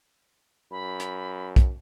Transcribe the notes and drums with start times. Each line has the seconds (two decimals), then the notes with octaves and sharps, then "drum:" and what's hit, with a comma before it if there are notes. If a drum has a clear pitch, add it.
0.71 F#2 B5
1.00 drum: hi-hat
1.56 drum: kick, hi-hat